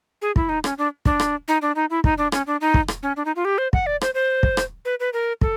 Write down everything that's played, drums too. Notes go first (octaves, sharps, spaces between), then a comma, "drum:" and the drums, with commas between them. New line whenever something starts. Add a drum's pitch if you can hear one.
G#4
E4, drum: kick
D#4
C#4, drum: rim click
D4
D4, drum: kick
drum: rim click
D#4
D4
D#4
E4
D#4, drum: kick
D4
C#4, drum: rim click
D4
D#4
drum: kick
drum: rim click
C#4
D4
D#4
F4
G4
C5
F#5, drum: kick
D5
C5, drum: rim click
C5
drum: kick
drum: rim click
B4
B4
A#4
A4, drum: kick